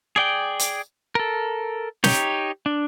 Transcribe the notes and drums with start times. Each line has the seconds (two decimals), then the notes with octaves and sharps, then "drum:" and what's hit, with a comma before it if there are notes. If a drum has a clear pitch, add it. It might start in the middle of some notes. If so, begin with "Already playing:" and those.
0.16 G#4 D5 G5
0.59 drum: hi-hat
1.15 A4 A#4
2.04 D#4 G4 C#5 G5, drum: snare
2.66 D4